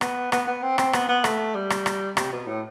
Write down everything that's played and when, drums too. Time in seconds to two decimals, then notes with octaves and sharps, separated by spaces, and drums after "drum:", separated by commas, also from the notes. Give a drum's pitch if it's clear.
0.01 B3, drum: rim click
0.32 B3, drum: rim click
0.47 B3
0.62 C4
0.78 C4, drum: rim click
0.93 B3, drum: rim click
1.09 B3
1.24 A3, drum: rim click
1.55 G3
1.70 drum: rim click
1.86 drum: rim click
2.17 C3, drum: rim click
2.32 B2
2.47 A2